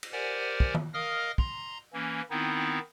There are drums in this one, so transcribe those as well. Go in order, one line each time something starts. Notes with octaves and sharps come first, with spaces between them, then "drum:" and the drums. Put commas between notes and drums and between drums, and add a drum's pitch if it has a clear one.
drum: cymbal
G4 A#4 C5 D5 F#5 G#5
drum: kick
drum: tom D#3
A#4 D#5 F5 D#6 F6 A#6
A#5 C6, drum: kick
E3 A#3 C#4
D#3 B3 C4 D#4 E4